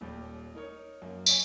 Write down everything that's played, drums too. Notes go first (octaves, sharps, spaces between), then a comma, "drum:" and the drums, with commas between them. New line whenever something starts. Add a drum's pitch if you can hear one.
D#1 D#2 G3
D#4 A#4 C#5
F#2 A#3
C#5 D#5 G#5, drum: tambourine